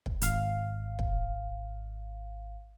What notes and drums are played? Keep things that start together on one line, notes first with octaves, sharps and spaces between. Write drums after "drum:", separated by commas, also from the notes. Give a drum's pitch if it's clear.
drum: kick
G#1 F5, drum: hi-hat
drum: kick